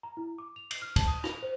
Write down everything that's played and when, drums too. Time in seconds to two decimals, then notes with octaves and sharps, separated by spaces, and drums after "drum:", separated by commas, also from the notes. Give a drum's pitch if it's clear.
0.03 A#5
0.17 E4
0.38 D6
0.56 F7
0.71 C7, drum: cymbal
0.82 F6
0.96 A5, drum: kick, cymbal
1.07 D#6
1.24 F7, drum: rim click
1.43 C5